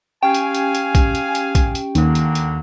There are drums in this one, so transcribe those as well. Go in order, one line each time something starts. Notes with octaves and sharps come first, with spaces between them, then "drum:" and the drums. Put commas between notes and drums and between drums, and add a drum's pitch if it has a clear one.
C#4 G4 G#4 F5 G5 G#5
drum: hi-hat
drum: hi-hat
drum: hi-hat
drum: kick A#1, hi-hat
drum: hi-hat
drum: hi-hat
drum: kick A#1, hi-hat
drum: hi-hat
D#2 D3 F#3 A#3, drum: hi-hat
drum: hi-hat
drum: hi-hat